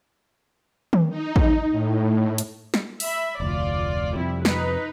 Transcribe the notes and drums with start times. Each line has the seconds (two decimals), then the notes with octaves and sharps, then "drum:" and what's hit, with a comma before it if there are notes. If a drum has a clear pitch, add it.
0.93 drum: tom D#3
1.10 D#4
1.36 drum: kick
1.71 A2
2.38 drum: hi-hat
2.74 drum: snare
3.00 E5 B5, drum: open hi-hat
3.40 F1 D2 F4 D5
4.16 F2 C3 G3 E4
4.45 D#4 B4, drum: snare